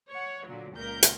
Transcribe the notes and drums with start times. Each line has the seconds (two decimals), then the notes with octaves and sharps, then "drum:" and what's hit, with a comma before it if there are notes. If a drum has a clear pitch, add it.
0.10 C#5 F#5
0.46 A#2 D3 F#3
0.76 C#2 A#2 A#4 G6
1.03 drum: hi-hat